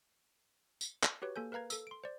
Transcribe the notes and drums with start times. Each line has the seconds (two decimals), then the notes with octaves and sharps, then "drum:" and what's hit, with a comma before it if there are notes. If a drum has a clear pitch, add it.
0.81 drum: tambourine
1.03 drum: clap
1.22 F#4 G4 B4 C#5
1.36 A#3 A4 G#5 G6
1.52 A#4 B4 F5 A#5 G#6
1.70 A4 E6, drum: tambourine
1.87 C6 D7
2.04 C5 D5